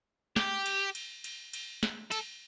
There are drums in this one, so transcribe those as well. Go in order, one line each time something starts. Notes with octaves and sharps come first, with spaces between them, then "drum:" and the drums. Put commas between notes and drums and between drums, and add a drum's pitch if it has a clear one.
G4, drum: snare
drum: cymbal
drum: cymbal
drum: cymbal
drum: cymbal
drum: snare
A4, drum: cymbal